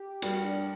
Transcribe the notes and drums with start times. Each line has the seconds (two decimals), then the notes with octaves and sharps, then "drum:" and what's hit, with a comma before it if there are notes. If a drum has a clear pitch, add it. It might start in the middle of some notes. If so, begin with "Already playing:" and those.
Already playing: G4
0.22 G3 F#4, drum: cymbal
0.45 D4